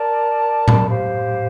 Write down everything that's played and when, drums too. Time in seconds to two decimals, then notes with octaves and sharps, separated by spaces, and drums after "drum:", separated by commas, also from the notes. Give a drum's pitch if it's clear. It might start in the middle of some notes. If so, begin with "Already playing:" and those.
Already playing: A#4 D5 A5
0.68 drum: tom A2
0.88 G4 C5 F5